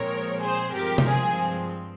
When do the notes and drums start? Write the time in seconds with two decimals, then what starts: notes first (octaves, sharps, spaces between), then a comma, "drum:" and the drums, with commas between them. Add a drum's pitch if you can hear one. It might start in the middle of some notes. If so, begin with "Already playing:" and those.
Already playing: A#2 F3 G#3 C4 A#4 C#5
0.41 G#4 C5
0.74 G2 F3 G#3 C4 G4 A#4
0.98 drum: tom C3
1.08 G#4